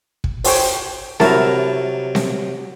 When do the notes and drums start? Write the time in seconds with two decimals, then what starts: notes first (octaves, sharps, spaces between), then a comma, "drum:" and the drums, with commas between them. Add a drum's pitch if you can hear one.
0.24 drum: kick
0.44 C5 C#5 G5, drum: open hi-hat
1.20 C3 F#3 E4 A#4 A5, drum: snare C4
2.15 drum: snare C4